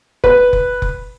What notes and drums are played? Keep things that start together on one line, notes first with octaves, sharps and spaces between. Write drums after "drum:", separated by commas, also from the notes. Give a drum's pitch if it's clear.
B4, drum: kick F1
drum: kick F1
drum: kick F1